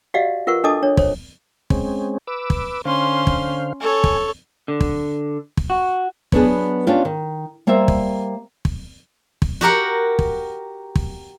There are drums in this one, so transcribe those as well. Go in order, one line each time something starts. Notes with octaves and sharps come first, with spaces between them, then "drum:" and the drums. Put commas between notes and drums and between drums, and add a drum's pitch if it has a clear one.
F#4 G4 D5 D#5 F5 F#5
F4 A#4 B4 F#5 C#6
D4 A4 D#5 A5 D6 D#6
D4 C#5
C5 C#5, drum: kick
G#3 C4 C#4, drum: kick
B4 D6 E6
drum: kick
D3 C#4 C5 F5 C6
drum: kick
A4 C#5 G#5
drum: kick
D3
drum: kick
drum: kick
F#4
F#3 B3 D4 G#4 B4, drum: kick
C#4 D4 F4 G4
D#3
G3 A#3 A#4 C5 E5
drum: kick
drum: kick
drum: kick
F#4 G4 A#4 F#5
drum: kick
drum: kick